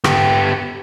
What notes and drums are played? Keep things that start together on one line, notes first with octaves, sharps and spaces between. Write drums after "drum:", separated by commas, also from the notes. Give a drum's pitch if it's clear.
B3 G4, drum: rim click